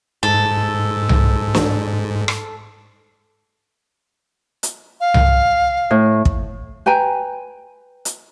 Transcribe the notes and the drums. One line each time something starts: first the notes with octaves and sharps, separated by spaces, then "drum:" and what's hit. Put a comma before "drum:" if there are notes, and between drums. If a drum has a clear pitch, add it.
G#2 A4
drum: tom C2
drum: snare
drum: rim click
drum: hi-hat
F5
drum: tom C2
A2
drum: kick
B4 G5 G#5 A#5
drum: hi-hat